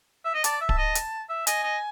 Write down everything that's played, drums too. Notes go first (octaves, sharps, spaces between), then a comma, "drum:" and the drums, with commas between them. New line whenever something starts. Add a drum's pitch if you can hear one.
E5
D#5
D5 A5, drum: hi-hat
E5
A5, drum: kick D1
D#5
drum: hi-hat
E5
D#5 G#5, drum: hi-hat
D#5